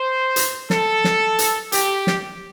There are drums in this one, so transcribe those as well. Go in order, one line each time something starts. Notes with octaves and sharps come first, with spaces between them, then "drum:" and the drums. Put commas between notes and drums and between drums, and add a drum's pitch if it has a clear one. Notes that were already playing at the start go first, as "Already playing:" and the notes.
Already playing: C5
drum: hi-hat
A4, drum: snare
drum: snare
drum: hi-hat
G4, drum: hi-hat
drum: snare